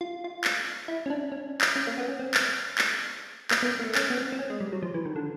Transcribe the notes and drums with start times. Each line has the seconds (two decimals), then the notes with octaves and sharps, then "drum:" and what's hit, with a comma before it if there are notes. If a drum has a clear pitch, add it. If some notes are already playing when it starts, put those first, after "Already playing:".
0.01 F4
0.24 F4
0.44 drum: clap
0.88 E4
1.06 C#4
1.10 D4
1.32 C#4
1.61 drum: clap
1.76 C#4
1.87 A#3
1.98 B3
2.08 C#4
2.19 C4
2.34 drum: clap
2.78 drum: clap
3.51 A#3, drum: clap
3.62 B3
3.79 A#3
3.84 A3
3.95 C#4, drum: clap
4.10 B3
4.18 C4
4.32 C4
4.39 C#4
4.50 G#3
4.60 G3
4.72 F#3
4.82 F3
4.94 E3
5.05 D#3
5.16 D3